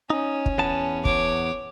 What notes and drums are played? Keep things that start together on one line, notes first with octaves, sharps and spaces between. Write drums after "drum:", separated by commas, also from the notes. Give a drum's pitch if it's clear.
C#4 D#4
drum: kick
E2 B3 A5
C#5 D6, drum: kick